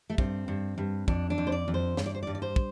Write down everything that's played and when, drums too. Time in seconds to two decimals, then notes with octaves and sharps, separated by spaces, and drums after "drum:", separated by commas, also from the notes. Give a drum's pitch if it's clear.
0.10 A3
0.18 G2 C4, drum: kick
0.48 G2
0.78 G2
1.08 F2 D4, drum: kick
1.30 D4
1.38 F2
1.47 C5
1.52 D5
1.68 F2
1.74 C5
1.97 G2, drum: snare
2.06 D5
2.14 C5
2.23 D5
2.27 G2
2.35 D5
2.42 C5
2.56 drum: kick